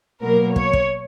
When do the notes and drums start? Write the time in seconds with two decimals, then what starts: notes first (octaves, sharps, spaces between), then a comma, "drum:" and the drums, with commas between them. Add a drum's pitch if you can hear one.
0.23 B2 F#3 A#3 A#4
0.56 C#5, drum: kick
0.73 drum: kick